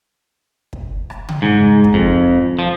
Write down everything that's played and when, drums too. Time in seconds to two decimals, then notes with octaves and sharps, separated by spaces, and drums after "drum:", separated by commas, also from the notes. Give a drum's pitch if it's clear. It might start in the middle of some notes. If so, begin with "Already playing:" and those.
0.73 drum: kick
1.10 drum: rim click
1.29 drum: tom C#3
1.42 G#2
1.84 drum: kick
1.94 F2
2.59 F3